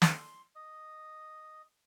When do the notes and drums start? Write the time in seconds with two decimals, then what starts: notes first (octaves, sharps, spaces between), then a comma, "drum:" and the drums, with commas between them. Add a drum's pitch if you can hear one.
0.02 C6, drum: snare
0.55 D#5